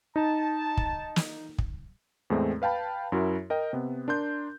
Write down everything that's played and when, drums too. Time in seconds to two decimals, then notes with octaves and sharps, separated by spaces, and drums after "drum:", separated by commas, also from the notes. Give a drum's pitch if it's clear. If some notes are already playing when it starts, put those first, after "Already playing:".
0.16 D#4 A5
0.77 drum: kick
1.16 drum: snare
1.58 drum: kick
2.30 E2 A2 G#3 A3 C4
2.62 B4 F5 G5 A5 B5
3.12 F#2 E4 F#4 A#4
3.50 A#4 D#5 G5
3.73 C3 B3
4.08 D4 A#4 C6 G6